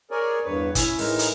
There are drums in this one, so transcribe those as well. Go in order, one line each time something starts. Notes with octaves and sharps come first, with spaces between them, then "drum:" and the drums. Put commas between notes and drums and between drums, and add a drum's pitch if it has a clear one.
G#4 A#4 C#5 D5 G#5
E2 G2 B4 C#5
C#4 E4 E5 G#5, drum: kick, hi-hat
A2 E3 G#3 D#4 A#4, drum: open hi-hat
drum: hi-hat